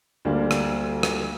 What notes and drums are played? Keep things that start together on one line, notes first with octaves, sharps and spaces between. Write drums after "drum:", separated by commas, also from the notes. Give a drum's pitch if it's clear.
D2 D3 G3 A#3 D4
drum: rim click
drum: rim click